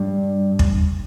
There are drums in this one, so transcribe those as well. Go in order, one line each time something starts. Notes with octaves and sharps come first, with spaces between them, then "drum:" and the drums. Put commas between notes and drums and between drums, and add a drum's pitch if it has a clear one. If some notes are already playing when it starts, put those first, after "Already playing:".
Already playing: G2
drum: kick